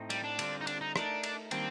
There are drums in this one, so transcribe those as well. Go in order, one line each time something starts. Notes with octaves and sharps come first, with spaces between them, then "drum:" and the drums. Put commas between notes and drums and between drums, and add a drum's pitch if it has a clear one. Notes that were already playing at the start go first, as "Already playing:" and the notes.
Already playing: A2 A3 C4 D#4
G3, drum: cymbal
D4
D3 G3 C4 F4, drum: cymbal
D#4
D4, drum: cymbal
D#4
A3 D4 D#4 A#4, drum: rim click
drum: cymbal
D#3 G3 A#3 C4 D4, drum: cymbal